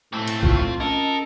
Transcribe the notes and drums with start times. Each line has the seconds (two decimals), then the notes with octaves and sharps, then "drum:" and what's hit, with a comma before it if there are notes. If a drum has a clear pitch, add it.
0.13 B1 A2 A3 C4
0.28 drum: cymbal
0.43 F4, drum: kick
0.81 C#4 A4 A#4 D#5